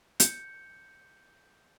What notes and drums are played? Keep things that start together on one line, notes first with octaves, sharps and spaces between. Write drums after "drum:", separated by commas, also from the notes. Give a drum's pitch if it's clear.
G6 C#7, drum: hi-hat